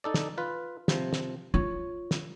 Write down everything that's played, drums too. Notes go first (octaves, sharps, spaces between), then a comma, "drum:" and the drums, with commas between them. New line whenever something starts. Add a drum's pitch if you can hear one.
D#4 A4 D5
drum: snare
F4 B4
C3 F3, drum: snare
drum: snare
F4 C#5
drum: snare